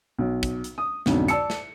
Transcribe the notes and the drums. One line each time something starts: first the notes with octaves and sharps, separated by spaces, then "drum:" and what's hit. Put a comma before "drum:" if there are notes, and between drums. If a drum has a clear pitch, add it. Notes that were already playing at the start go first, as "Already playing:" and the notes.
B1
drum: kick, hi-hat
drum: hi-hat
D#6
B1 F2 G#2 D3, drum: snare
D5 A5 E6 C#7, drum: hi-hat
drum: snare